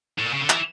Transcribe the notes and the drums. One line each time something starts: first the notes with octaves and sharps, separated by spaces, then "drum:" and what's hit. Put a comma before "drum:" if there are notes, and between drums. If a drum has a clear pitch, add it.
A2
A#2
C#3
D3
E3, drum: clap